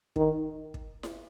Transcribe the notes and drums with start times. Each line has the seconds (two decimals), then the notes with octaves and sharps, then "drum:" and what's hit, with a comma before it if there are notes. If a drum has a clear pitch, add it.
0.16 D#3, drum: kick
0.74 drum: kick
1.03 drum: snare E4